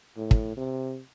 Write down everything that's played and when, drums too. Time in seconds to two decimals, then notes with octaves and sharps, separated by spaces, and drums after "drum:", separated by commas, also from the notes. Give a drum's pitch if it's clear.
0.17 A2
0.31 drum: kick
0.57 C3